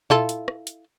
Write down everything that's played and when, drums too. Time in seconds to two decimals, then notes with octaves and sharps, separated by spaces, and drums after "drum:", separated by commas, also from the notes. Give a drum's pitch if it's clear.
0.10 E4 F4 A4, drum: tom A#2
0.29 drum: hi-hat
0.48 drum: rim click
0.67 drum: hi-hat